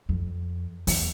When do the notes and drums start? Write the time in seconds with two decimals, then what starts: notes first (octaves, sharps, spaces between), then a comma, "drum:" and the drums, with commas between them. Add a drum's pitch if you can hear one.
0.09 F2
0.87 E2, drum: open hi-hat